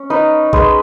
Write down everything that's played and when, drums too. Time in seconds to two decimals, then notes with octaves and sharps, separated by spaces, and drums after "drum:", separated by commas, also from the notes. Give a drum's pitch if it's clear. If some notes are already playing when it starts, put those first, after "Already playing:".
Already playing: C#4
0.10 D#4 B4
0.53 G#3 B4, drum: kick A1